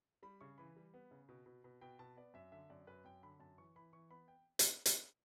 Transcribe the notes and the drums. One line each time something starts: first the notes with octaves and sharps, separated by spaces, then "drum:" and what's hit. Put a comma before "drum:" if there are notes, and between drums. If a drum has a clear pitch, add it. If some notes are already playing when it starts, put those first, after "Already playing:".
G3 B5
C#3 C#6
E3 B5
G3
B3
C#3
B2
B2
B2
B2 G5
B2 A5
B3 D5
F#2 E5
D3 E5
F#2 D5
F#2 B4
F#2 G5
D3 B5
F#2 A5
E3 C#6
E3 B5
E3 C#6
B3 B5
G5
drum: hi-hat
drum: hi-hat